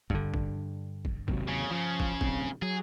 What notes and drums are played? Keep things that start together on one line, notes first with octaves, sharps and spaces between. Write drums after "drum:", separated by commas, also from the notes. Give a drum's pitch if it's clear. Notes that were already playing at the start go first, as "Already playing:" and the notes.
G2 D3, drum: kick
drum: kick
drum: kick
D#2 C3 F#3, drum: kick
C#3
C#3 F3
drum: kick
D1 B1 C4, drum: kick
F#3 G#4